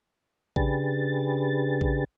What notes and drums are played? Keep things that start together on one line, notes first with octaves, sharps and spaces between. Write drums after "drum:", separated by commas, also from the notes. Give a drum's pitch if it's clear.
C#3 D4 G4 G#4 B4 A6, drum: kick A1
drum: kick A1